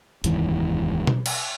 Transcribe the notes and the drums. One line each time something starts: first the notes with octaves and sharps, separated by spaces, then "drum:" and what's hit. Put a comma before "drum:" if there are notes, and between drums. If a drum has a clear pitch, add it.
F1 D#2 G#2 E3, drum: hi-hat
drum: tom B2
drum: cymbal